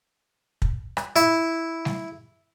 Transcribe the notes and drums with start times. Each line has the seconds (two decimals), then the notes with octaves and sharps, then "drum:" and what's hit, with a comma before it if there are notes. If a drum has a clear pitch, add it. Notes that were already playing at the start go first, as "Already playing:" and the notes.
0.62 drum: kick
0.97 drum: rim click
1.16 E4, drum: hi-hat
1.85 drum: snare G3